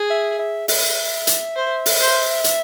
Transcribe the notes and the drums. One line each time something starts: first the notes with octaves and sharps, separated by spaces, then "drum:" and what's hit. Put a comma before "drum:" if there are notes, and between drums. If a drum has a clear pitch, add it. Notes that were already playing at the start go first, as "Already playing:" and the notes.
Already playing: G#4
E5
E5
E5, drum: open hi-hat
drum: hi-hat
C5
drum: open hi-hat
C5
drum: hi-hat